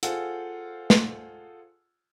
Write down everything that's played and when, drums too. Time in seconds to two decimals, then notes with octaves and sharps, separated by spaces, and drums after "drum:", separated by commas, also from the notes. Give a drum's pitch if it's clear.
0.03 F4 G#4 A4 C5 F#5, drum: hi-hat
0.90 drum: snare